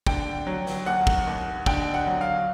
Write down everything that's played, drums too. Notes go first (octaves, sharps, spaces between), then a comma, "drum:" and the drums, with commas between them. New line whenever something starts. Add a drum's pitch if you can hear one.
D3 G5, drum: kick
F#3
drum: snare
D#2 F#5
drum: kick
D#2
D3 G5, drum: kick
F#5
F#3
F5